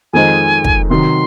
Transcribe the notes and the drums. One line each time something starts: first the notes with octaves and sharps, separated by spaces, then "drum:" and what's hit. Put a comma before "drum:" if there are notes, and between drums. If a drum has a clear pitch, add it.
F2 D#3 G#3 C4 D#4 G#5
drum: kick
C3 D#3 F#3 C6